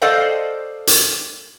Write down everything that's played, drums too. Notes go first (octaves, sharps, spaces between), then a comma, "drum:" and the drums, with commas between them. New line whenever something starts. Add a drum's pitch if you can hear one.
A4 C5 D5 D#5 F5 G5
drum: hi-hat